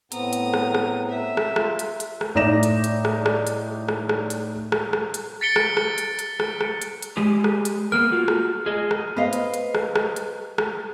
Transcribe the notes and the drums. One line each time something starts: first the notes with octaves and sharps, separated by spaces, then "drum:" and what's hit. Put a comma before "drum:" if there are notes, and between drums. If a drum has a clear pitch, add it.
A2 B3 C4 A#5 D#6, drum: hi-hat
drum: hi-hat
drum: rim click
drum: rim click
E5
drum: rim click
F4, drum: rim click
drum: hi-hat
drum: hi-hat
drum: rim click
A2 D#4 D5 A#6 E7
drum: hi-hat
drum: hi-hat
drum: rim click
drum: rim click
drum: hi-hat
drum: rim click
drum: rim click
drum: hi-hat
drum: rim click
drum: rim click
drum: hi-hat
A6 B6 C#7 D7 G7
drum: rim click
drum: rim click
drum: hi-hat
drum: hi-hat
drum: rim click
drum: rim click
drum: hi-hat
drum: hi-hat
G#3 G4 G#4
drum: rim click
drum: hi-hat
A#3 B3 A#4 F6
F4 F#4
drum: rim click
G#4 D#5
drum: rim click
B4 C5 D#5 F5
drum: hi-hat
drum: hi-hat
drum: rim click
drum: rim click
drum: hi-hat
drum: rim click